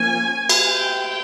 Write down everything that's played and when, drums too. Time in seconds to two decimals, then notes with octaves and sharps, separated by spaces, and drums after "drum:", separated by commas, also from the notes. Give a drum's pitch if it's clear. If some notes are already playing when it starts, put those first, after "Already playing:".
Already playing: F3 A#3 C#4 G#5
0.49 drum: cymbal
0.68 G5